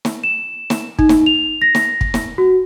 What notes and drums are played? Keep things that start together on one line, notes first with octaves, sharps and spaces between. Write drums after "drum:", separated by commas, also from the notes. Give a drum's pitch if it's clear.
drum: snare
E7
drum: snare
D#4, drum: kick
drum: snare
F7
A#6
drum: snare
drum: kick
drum: snare
F#4